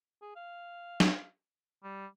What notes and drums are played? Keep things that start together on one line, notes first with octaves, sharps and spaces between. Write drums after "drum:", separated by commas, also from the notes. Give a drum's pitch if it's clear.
G#4
F5
drum: snare
G3